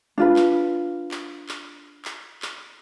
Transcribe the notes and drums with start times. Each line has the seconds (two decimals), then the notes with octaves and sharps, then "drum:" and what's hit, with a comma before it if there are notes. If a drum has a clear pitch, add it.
0.18 D4 F4 B4
0.36 drum: clap
1.11 drum: clap
1.49 drum: clap
2.05 drum: clap
2.42 drum: clap